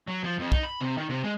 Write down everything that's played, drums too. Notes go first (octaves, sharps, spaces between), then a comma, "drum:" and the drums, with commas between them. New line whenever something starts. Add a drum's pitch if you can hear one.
F#3
F3
F2
D#4, drum: kick
B5
C3
D#3
C3
G#3